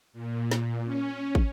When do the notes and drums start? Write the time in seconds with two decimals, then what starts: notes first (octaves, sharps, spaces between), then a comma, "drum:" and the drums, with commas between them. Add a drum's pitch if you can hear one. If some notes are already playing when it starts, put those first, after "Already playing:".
0.13 A#2
0.51 drum: snare
0.85 C#4
1.35 drum: kick